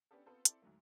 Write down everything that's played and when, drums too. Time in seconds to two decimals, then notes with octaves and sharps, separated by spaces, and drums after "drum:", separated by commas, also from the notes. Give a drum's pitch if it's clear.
0.11 B3 C#4 D4 G4 A4
0.26 B3 C4 F4 A4 B4 C5
0.45 C4 E4 A4 D5, drum: hi-hat
0.62 D2 G#2 F#3 A3